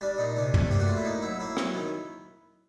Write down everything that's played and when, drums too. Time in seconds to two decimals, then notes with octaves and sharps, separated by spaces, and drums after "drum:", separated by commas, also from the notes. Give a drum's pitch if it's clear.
0.01 G3 D4
0.18 A#2 D#4
0.37 C3 D4
0.54 A3, drum: tom
0.71 A#3 G4
0.80 F#4
0.87 A2 F4
0.97 E4
1.05 A#3 D#4
1.22 F#3 E4
1.40 A#3 E4
1.57 F#3, drum: rim click
1.74 D#3